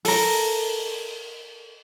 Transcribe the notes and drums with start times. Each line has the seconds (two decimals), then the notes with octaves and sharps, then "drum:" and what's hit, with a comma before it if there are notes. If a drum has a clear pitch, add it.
0.05 A4 A#4, drum: open hi-hat